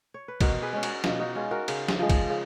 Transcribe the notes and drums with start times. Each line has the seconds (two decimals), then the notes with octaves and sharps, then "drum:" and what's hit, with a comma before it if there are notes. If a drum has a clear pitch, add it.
0.14 C#5
0.28 B4
0.41 B2 F#4 A#4, drum: kick, cymbal
0.62 G#4 B4
0.73 G#3 C#4
0.83 F#4 A#4, drum: cymbal
1.04 B2 F4, drum: snare
1.19 D#4 F#4
1.35 G#3 C#4 F4
1.51 F#4 A#4
1.68 C#3, drum: cymbal
1.88 drum: snare
1.99 F3 G#3
2.10 drum: kick, cymbal
2.30 C#3